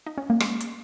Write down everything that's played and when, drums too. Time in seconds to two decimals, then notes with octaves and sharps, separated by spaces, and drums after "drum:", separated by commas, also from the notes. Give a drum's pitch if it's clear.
0.07 D#4
0.18 C#4
0.30 A#3
0.40 G#3, drum: rim click
0.60 drum: hi-hat